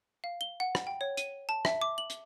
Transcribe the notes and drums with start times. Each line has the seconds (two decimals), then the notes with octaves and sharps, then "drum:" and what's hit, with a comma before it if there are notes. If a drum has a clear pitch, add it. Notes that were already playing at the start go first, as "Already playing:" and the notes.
0.24 F5
0.41 G7
0.60 F#5
0.75 drum: rim click
0.87 G5
1.01 C#5
1.17 D#7, drum: hi-hat
1.49 A5
1.65 E5, drum: rim click
1.82 D6
1.98 F#7
2.10 drum: hi-hat